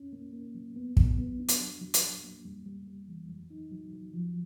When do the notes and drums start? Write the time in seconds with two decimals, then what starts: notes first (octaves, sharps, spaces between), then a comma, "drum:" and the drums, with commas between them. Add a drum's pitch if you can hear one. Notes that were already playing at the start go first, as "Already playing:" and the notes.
Already playing: C#4
0.13 A#3
0.33 A#3
0.55 F#3
0.76 B3
0.97 F#3, drum: kick
1.18 B3
1.39 D4
1.48 drum: hi-hat
1.60 F#3
1.81 F#3
1.94 drum: hi-hat
2.03 F#3
2.24 A#3
2.45 G3
2.66 G3
2.87 G3
3.08 E3
3.29 F#3
3.50 D#4
3.71 F#3
3.93 F#3
4.14 F3